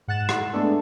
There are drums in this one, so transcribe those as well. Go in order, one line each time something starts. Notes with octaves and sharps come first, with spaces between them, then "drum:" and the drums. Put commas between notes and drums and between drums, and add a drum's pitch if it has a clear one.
G#2 F#5 F#6 A6 E7
drum: rim click
G#3 A3 B3 D4 A4